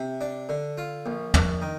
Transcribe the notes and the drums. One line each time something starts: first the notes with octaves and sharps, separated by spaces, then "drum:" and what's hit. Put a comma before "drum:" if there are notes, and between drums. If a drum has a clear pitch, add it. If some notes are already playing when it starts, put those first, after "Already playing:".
Already playing: C3
D4
D3
F4
A#1
A#1, drum: tom
D#3